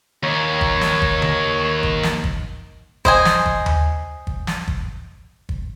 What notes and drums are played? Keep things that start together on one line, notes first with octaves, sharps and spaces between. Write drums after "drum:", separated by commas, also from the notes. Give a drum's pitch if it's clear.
D#2 C#5
drum: kick
drum: snare
drum: kick
drum: tom D3
drum: kick
drum: snare
drum: kick
C5 D#5 G#5, drum: kick
drum: snare
drum: kick
drum: tom D#2
drum: kick
drum: snare
drum: kick
drum: kick